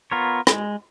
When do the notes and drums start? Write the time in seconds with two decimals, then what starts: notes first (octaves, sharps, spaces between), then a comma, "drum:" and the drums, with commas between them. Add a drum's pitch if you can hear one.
0.11 B3 F4 A#4 C#5
0.47 G#3, drum: rim click